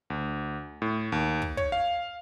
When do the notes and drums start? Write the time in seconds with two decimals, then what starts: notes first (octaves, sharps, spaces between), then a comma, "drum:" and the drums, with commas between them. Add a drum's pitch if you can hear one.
0.10 D2
0.82 A2
1.12 D#2
1.42 drum: kick
1.57 C#5, drum: kick
1.72 F5